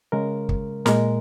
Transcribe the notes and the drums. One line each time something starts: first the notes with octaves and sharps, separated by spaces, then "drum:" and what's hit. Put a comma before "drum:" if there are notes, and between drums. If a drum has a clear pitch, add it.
C#3 G#3 A#4
drum: kick
A#2 G#3 A#4, drum: snare